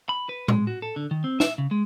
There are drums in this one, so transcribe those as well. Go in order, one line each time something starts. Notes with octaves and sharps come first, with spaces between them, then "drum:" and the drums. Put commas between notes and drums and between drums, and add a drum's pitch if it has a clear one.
B5
B4
G#3, drum: tom A2
F#4
A4
D3
D#3
C4
E5, drum: snare
C#3
G#3